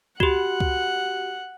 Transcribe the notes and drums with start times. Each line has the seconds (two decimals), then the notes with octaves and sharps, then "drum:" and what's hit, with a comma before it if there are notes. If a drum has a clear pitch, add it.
0.20 F#4 G4 F#5, drum: kick C#2
0.60 drum: kick C#2